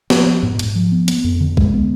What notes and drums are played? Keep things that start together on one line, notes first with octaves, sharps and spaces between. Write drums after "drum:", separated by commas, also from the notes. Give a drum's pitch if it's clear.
F3, drum: snare
B3
G#2
G#2, drum: hi-hat
F3
B3
B3, drum: hi-hat
F2
D3
G#3, drum: kick
B3